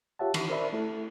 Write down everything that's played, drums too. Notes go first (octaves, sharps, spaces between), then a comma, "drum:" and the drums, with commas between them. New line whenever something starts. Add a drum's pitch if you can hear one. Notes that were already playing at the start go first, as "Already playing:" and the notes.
F4 G4 C#5 E5 F#5 A5
D#3 E3, drum: cymbal
A#4 C5 D5 E5 B5
A3 E4 A4